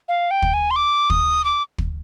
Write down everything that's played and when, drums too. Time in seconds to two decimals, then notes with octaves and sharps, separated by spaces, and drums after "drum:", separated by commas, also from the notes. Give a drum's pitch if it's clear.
0.08 F5
0.31 G5
0.42 drum: kick
0.54 G#5
0.71 C6
0.76 D6
1.10 D#6, drum: kick
1.44 D6
1.78 drum: kick